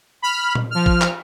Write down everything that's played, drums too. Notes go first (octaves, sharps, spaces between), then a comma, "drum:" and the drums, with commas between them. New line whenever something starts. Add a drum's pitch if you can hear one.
B5 F6
drum: tom A#2
F3 F6
drum: kick
drum: clap